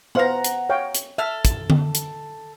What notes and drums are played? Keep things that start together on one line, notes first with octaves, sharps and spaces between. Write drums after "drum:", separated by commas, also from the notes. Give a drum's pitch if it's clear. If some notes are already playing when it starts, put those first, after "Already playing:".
B3 C5 F5 F#5 A#5
drum: hi-hat
C#5 F5 G5
drum: hi-hat
A4 E5 F6
drum: kick, hi-hat
drum: tom D3
drum: hi-hat